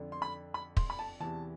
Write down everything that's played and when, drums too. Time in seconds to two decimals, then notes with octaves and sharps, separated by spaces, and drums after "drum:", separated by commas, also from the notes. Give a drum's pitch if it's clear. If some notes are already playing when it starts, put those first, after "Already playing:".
Already playing: F2 D3
0.12 C6
0.22 B5
0.54 B5
0.77 C6, drum: kick
0.90 B5
0.99 A5
1.20 E2 C3 E3 A5